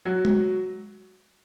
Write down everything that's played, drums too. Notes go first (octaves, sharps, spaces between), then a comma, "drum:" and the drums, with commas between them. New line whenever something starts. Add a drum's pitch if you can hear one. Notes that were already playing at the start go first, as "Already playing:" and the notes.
F#3 F#4
drum: tom G#3